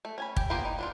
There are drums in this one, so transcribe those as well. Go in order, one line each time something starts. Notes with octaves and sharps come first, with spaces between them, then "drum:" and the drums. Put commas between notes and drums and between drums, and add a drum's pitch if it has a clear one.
A3
C#4 G#5 B5
G4, drum: kick
A#3 B3 E4 F4 G4
D#4
B3 D4 F4